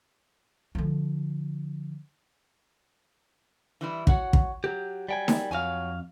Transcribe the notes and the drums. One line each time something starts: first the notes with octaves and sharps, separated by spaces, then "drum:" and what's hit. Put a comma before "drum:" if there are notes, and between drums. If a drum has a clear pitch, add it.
D3 F3
E3 G3 E4
F#4 C#5 F#5, drum: kick
drum: kick
F#3 G4
G3 G5 G#5
drum: snare D#4
F2 F#3 C#5 F5 G#5